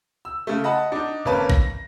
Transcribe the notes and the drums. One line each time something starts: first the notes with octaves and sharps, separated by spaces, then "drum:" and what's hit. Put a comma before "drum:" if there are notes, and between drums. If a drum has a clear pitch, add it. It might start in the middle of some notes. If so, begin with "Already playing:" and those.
E6
C#3 A3
D#5 F#5 A5 B5
D4 D#4
G#1 A#3 C#4 B4 A5
A#6, drum: kick G#1